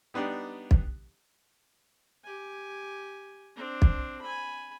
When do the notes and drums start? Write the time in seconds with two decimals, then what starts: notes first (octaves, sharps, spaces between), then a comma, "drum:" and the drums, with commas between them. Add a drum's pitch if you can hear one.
0.14 G3 B3 D4 D#4 G4
0.71 drum: kick
2.24 G4 G#5
3.56 C4 D4
3.82 drum: kick
4.21 G#5 B5